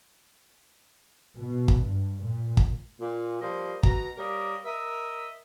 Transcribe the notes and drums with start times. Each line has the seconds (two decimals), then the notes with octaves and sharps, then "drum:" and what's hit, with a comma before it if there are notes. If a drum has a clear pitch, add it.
1.40 B2
1.68 drum: kick
1.86 G2
2.24 A#2
2.57 drum: kick
3.00 A#2
3.41 F3 G3 A#3 C5 D#5
3.83 B2 A#5, drum: kick
4.17 G3 A#3 A#4 C#5 D#5
4.65 A#4 D#5 E5